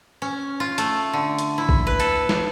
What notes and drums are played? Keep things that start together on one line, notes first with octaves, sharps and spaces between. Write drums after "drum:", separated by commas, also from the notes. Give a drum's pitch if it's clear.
C#4
F4
A3, drum: hi-hat
D3
drum: hi-hat
E4
drum: kick
B4
A4, drum: hi-hat
drum: snare